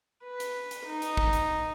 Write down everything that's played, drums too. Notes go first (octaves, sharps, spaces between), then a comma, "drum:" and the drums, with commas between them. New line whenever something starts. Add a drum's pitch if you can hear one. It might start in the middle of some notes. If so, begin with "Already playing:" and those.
B4
drum: hi-hat
drum: hi-hat
D#4
drum: hi-hat
drum: kick
drum: hi-hat